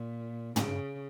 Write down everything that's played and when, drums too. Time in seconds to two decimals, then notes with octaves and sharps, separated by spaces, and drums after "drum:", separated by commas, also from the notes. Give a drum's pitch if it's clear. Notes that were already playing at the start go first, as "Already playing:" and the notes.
Already playing: A#2
0.56 C#3, drum: tom